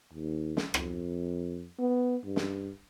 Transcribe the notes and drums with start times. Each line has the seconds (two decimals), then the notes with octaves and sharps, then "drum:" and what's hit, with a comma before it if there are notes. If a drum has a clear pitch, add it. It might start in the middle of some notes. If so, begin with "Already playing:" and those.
0.13 D#2
0.57 drum: snare
0.74 F2, drum: rim click
1.79 B3
2.25 G2
2.36 drum: snare